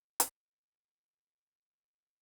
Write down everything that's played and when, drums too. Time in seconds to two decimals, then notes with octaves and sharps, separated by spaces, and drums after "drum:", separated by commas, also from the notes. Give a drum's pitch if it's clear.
0.20 drum: hi-hat
0.33 B3 E4